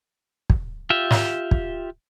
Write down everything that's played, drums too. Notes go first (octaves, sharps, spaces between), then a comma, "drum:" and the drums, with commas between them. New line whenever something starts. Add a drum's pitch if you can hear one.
drum: kick
F4 G4 E5
drum: snare
drum: kick